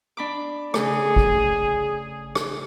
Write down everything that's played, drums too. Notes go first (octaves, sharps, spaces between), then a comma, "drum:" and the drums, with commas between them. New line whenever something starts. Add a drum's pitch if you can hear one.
D4 B5 D6
C#3 A3 G#4, drum: rim click
drum: kick
drum: rim click